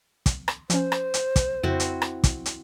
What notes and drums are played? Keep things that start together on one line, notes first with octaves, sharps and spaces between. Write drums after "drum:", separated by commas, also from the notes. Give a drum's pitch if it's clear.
drum: kick, hi-hat
drum: rim click
F3 C#4 C5, drum: hi-hat
drum: rim click
drum: hi-hat
drum: kick, hi-hat
F2 C#3 C4 E4 F#4
drum: hi-hat
drum: rim click
drum: kick, hi-hat
drum: hi-hat